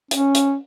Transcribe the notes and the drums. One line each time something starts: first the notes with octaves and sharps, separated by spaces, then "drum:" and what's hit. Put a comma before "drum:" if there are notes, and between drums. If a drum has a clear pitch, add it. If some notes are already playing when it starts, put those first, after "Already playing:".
C#4, drum: hi-hat
drum: hi-hat